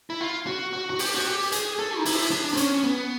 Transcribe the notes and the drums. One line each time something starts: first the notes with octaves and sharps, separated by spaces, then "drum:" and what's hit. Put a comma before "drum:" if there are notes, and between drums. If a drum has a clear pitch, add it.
E4
F4
F#4
F#4
F#4
G4, drum: open hi-hat
F#4
G4
G#4, drum: hi-hat
A4
D#4
E4, drum: open hi-hat
D4
C4
C#4, drum: hi-hat
B3